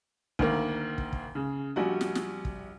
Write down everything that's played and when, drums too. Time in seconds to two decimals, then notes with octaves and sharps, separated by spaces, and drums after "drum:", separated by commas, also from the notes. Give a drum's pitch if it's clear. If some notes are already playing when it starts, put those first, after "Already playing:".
0.39 D2 D#3 A#3, drum: kick
0.98 drum: kick
1.13 drum: kick
1.35 C#3
1.76 A#1 G3 F#4
2.01 drum: snare
2.15 drum: snare
2.45 drum: kick